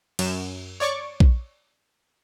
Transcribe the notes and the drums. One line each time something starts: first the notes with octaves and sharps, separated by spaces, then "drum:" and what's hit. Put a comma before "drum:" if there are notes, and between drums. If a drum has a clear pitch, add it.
F#2 E7, drum: cymbal
C#5 D5 C#6 D6
drum: kick A#1